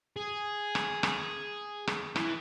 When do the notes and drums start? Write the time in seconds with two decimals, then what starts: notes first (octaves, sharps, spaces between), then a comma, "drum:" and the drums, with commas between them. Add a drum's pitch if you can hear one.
0.17 G#4
0.75 drum: rim click
1.03 drum: rim click
1.87 drum: rim click
2.16 E3, drum: rim click